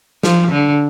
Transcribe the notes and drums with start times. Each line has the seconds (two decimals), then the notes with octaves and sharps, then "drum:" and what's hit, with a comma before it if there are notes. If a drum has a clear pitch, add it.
0.23 F3, drum: snare
0.52 D3